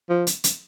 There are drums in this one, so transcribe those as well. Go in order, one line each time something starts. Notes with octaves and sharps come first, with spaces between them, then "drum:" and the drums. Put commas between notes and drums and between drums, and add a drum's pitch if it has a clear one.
F3
drum: hi-hat
drum: hi-hat